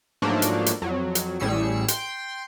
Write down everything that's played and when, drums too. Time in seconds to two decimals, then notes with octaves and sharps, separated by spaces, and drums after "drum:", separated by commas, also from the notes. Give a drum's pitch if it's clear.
0.22 G#2 F3 F#3 A3 A#3 D4
0.42 drum: hi-hat
0.66 drum: hi-hat
0.82 F2 F#3
1.15 drum: hi-hat
1.40 A1 A2 G3 G#4 E6 C#7
1.88 G5 C6, drum: hi-hat